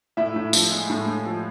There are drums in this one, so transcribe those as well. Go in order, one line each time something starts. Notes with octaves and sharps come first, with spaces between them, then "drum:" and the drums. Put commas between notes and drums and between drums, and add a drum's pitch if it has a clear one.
A2 E4 E5
A2
F3, drum: tambourine
G#3
A2
A2
F3